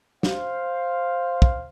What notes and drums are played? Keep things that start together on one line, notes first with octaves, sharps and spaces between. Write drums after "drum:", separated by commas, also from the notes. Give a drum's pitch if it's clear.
C5 F5, drum: snare
drum: kick